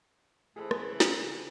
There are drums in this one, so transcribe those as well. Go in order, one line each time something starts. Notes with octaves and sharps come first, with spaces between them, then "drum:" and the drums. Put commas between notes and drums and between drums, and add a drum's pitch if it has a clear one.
E3 A3 C#4 E4 G#4 A4 C5
drum: rim click
C#3 C4 A#4, drum: snare